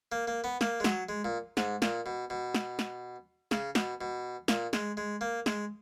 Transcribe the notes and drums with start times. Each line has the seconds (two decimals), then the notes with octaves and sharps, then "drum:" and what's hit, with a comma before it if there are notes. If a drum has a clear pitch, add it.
0.12 A#3
0.28 A#3
0.44 B3
0.61 A#3, drum: snare
0.80 G#3
0.84 F#3, drum: snare
1.09 G#3
1.25 A#2
1.57 G#2, drum: snare
1.82 A#2, drum: snare
2.06 B2
2.30 B2
2.55 drum: snare
2.79 drum: snare
3.51 C#3, drum: snare
3.75 B2, drum: snare
4.01 B2
4.48 A#2, drum: snare
4.73 G#3, drum: snare
4.97 G#3
5.21 A#3
5.46 G#3, drum: snare